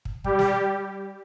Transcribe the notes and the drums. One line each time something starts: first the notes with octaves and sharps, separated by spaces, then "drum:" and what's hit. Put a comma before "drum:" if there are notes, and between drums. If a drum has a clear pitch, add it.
drum: kick
G3 G4, drum: kick
drum: snare